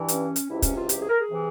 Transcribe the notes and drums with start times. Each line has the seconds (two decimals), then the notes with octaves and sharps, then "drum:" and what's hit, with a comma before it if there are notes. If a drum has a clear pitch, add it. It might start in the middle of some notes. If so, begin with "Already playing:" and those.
Already playing: G2 E3
0.08 C#4, drum: hi-hat
0.36 drum: hi-hat
0.48 C#2 C3 E3 E4
0.62 C#4, drum: kick, hi-hat
0.76 F4
0.89 G4, drum: hi-hat
0.99 G#4
1.09 A#4
1.19 G#4
1.29 C3 E3